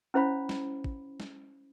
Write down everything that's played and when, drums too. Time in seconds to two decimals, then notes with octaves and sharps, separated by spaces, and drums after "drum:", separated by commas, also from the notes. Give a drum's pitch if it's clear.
0.14 C#4 E4 C5 C#5 F5 B5
0.49 drum: snare
0.84 drum: kick
1.20 drum: snare